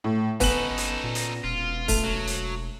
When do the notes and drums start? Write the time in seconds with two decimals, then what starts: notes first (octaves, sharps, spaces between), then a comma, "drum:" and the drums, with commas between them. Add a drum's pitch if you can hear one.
0.04 A2
0.40 G1 B3 C#4 D#4 A4 B4 F#7, drum: kick, open hi-hat
0.78 drum: hi-hat
1.04 A#2
1.15 drum: hi-hat
1.44 E1 F4
1.88 A3, drum: kick, open hi-hat
2.04 F#3
2.27 drum: hi-hat